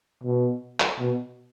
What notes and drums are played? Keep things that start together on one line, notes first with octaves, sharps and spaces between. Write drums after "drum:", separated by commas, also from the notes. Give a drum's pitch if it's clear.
B2
drum: clap
B2